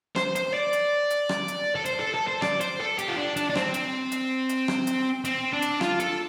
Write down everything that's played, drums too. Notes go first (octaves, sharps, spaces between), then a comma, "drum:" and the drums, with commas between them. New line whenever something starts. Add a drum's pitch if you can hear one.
C5, drum: rim click
C5, drum: hi-hat
D5
drum: hi-hat
drum: hi-hat
drum: rim click
drum: hi-hat
A4
C5, drum: hi-hat
A4
A4
C5
D5, drum: rim click
C5, drum: hi-hat
A4
G4, drum: hi-hat
F4
D4
D4, drum: hi-hat
D4
C4, drum: rim click
drum: hi-hat
drum: hi-hat
drum: hi-hat
drum: rim click
drum: hi-hat
C4, drum: hi-hat
D4
drum: hi-hat
F4, drum: rim click
A4, drum: hi-hat